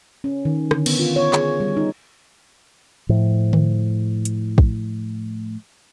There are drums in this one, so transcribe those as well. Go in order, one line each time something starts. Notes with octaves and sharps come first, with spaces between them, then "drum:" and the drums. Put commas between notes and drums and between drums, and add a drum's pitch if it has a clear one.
C#4
D#3
D3, drum: rim click
B3, drum: cymbal
F4
C#5
G#4, drum: clap
G3
D#4
A2 F3
drum: tom D3
drum: hi-hat
drum: kick